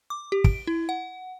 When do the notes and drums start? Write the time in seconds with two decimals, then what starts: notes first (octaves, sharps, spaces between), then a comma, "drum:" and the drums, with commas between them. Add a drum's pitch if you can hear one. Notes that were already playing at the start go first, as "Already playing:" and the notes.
0.10 D6
0.32 G4
0.44 D7, drum: kick
0.67 E4
0.89 F#5